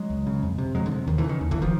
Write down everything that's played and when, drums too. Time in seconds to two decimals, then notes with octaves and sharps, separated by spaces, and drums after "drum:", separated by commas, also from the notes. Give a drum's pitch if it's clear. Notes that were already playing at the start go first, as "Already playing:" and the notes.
Already playing: F#3 G#3
0.10 C#2
0.27 C#3
0.43 F2
0.58 C3
0.75 F2 F#3 G#3
0.86 D3
0.91 C3
1.07 D#2 D#3
1.18 D3 E3
1.24 C#3
1.29 D#3
1.41 D#2
1.51 D3 E3, drum: kick
1.56 C#3
1.62 D#3 F3